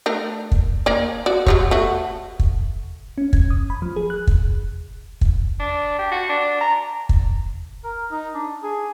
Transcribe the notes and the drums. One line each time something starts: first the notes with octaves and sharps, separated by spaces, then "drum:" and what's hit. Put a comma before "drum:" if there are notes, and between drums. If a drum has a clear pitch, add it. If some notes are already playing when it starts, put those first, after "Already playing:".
A3 D4 A#4
drum: kick
A#3 A#4 D5
F#4 D5
F#3 G3 C#5, drum: kick
A3 F#4
drum: kick
C#4
G#6, drum: kick
D#6
B5
F3
G#4
F#6
drum: kick
drum: kick
D4
G4
F#4
D4
A#5
drum: kick
A#4
D#4
D4
G#4